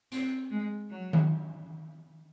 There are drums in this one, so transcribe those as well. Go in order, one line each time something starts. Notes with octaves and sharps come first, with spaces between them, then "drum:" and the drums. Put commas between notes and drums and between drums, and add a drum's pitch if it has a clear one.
C4, drum: hi-hat
G#3
F#3
drum: tom D#3